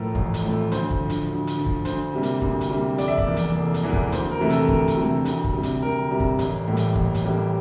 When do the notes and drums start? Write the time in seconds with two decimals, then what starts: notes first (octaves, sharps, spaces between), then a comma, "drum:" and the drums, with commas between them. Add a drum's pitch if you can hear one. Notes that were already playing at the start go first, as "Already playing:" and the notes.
Already playing: A2 F3 A3 A#4
0.15 A1, drum: kick
0.34 drum: hi-hat
0.43 A2 F3 A3
0.72 D2 C5, drum: hi-hat
0.91 drum: kick
1.00 D3 F3
1.09 drum: hi-hat
1.28 D2
1.47 drum: hi-hat
1.57 D3 F3
1.66 drum: kick
1.85 D2 C5, drum: hi-hat
2.13 C3 G3 A#3
2.23 drum: hi-hat
2.42 D2, drum: kick
2.61 drum: hi-hat
2.70 C3 G3 A#3
2.98 F1 D5, drum: hi-hat
3.08 E5
3.18 D5, drum: kick
3.27 E2 E3 A#3
3.36 drum: hi-hat
3.55 F1
3.74 drum: hi-hat
3.83 E2 E3 A#3
3.93 drum: kick
4.12 D2 C5, drum: hi-hat
4.31 A#4
4.40 C3 E3 A3
4.50 A4, drum: hi-hat
4.69 D2 A#4, drum: kick
4.88 drum: hi-hat
4.97 C3 E3 A3
5.25 D2, drum: hi-hat
5.44 drum: kick
5.54 C3 G3
5.63 drum: hi-hat
5.82 D2 A#4
6.11 C3 G3
6.20 drum: kick
6.39 A1, drum: hi-hat
6.67 A2 E3 G3 A#3
6.77 drum: hi-hat
6.95 A1, drum: kick
7.14 drum: hi-hat
7.24 A2 E3 G3 A#3